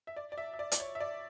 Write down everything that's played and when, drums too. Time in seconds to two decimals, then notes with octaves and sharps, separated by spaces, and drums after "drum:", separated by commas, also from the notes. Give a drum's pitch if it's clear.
0.07 E5
0.16 D5
0.32 D5
0.38 E5
0.53 E5
0.59 D5
0.72 D5, drum: hi-hat
0.80 C#5
0.95 E5
1.00 D5